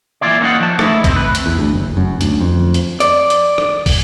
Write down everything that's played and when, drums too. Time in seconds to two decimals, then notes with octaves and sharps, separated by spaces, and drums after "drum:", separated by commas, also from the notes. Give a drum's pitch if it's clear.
0.21 E3 A#3 E4 F4 D5
0.41 A#3 C#4 D#4 C5 D5 F#5
0.60 F3 A5
0.79 A3 D#4 E4, drum: rim click
1.04 C3 C4, drum: kick, hi-hat
1.16 B4
1.35 drum: hi-hat
1.46 E2
1.59 D2
1.74 F#1
1.97 F#2
2.21 D2, drum: hi-hat
2.41 F2
2.74 drum: hi-hat
3.00 D5, drum: hi-hat
3.30 drum: hi-hat
3.58 drum: rim click
3.86 drum: kick, open hi-hat